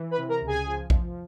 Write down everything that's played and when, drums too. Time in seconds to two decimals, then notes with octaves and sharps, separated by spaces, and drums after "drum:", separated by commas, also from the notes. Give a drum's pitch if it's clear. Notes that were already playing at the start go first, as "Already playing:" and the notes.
Already playing: E3
0.11 B4 B5
0.17 C3
0.29 A#4 A#5
0.41 C#2
0.47 G#4 G#5
0.65 F3
0.90 F3, drum: kick A#1